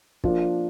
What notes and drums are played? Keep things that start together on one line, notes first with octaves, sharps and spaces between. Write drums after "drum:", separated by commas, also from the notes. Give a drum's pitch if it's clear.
F3 A#3 D4 F4, drum: kick